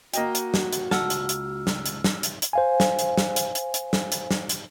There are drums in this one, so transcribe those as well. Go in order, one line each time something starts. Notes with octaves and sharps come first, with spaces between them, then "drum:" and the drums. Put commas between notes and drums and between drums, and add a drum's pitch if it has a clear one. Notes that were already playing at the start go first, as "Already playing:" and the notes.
A#3 F#4 D#5 G5, drum: hi-hat
drum: hi-hat
drum: snare
drum: hi-hat
C#2 F#5 A5 E6 F6, drum: snare
drum: hi-hat
drum: hi-hat
drum: snare
drum: hi-hat
drum: snare
drum: hi-hat
drum: hi-hat
C5 F5 G#5
drum: snare
drum: hi-hat
drum: snare
drum: hi-hat
drum: hi-hat
drum: hi-hat
drum: snare
drum: hi-hat
drum: snare
drum: hi-hat